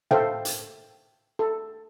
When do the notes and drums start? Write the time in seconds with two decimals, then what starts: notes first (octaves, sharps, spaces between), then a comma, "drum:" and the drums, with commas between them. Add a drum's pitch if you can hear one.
0.11 A4 C5 E5 F5 G5, drum: tom
0.45 drum: hi-hat
1.39 A4